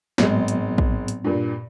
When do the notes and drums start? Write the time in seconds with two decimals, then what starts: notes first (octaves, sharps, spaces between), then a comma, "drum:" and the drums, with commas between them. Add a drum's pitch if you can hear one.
0.18 G#1 A2 F#3 G#3 B3, drum: snare
0.48 drum: hi-hat
0.78 drum: kick
1.08 drum: hi-hat
1.24 G2 A#2